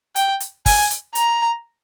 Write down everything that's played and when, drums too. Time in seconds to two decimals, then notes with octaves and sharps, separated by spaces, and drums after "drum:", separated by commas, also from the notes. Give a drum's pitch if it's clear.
0.16 G5, drum: hi-hat
0.40 drum: hi-hat
0.66 G#5, drum: kick, open hi-hat
0.90 drum: hi-hat
1.15 A#5, drum: hi-hat